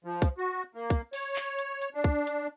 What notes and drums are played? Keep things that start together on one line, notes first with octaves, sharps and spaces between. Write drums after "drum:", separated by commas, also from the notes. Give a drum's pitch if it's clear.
F3
drum: kick, hi-hat
F#4
A#3
drum: kick, hi-hat
C#5, drum: open hi-hat
drum: clap
drum: hi-hat
drum: hi-hat
D4
drum: kick
drum: hi-hat